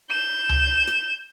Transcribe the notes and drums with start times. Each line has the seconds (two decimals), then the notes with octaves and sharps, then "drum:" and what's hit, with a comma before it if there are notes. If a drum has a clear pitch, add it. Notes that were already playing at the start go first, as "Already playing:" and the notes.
0.10 G6 E7
0.49 drum: tom C#2
0.87 drum: snare